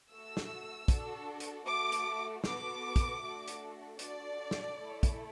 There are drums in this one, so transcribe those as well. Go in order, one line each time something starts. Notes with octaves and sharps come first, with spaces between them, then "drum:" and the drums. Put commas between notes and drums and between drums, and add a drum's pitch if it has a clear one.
A3 F#4 A4 E6
drum: snare
D4 F#4 A4, drum: kick, hi-hat
drum: hi-hat
A3 F#4 A4 D6
drum: hi-hat
B3 F#4 A4 D6, drum: snare
drum: kick, hi-hat
A3 D4 F#4 A4
drum: hi-hat
D4 F#4 A4 D5, drum: hi-hat
drum: snare
A3 E4 A4
drum: kick, hi-hat